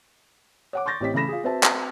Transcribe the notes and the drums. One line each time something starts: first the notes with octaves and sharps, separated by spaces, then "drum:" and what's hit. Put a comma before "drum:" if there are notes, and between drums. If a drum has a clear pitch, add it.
C#5 F#5 D6
C6 C#6 G6 A6 A#6
A1 C4 G4 C#5 D#5 B6
C#3 E3 A3 B5 A#6 E7
F4 G#4
C4 F#4 B4 C5 E5 A5
drum: clap